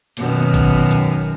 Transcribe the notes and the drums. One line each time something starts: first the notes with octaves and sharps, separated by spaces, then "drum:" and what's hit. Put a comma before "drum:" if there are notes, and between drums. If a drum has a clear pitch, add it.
F#2 B2 D#3, drum: hi-hat
drum: kick A1, hi-hat
drum: hi-hat